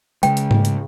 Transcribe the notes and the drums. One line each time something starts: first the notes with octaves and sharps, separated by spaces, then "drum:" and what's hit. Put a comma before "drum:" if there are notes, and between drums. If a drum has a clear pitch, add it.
C#3 G#3 G5, drum: hi-hat
drum: hi-hat
drum: tom G#2
drum: hi-hat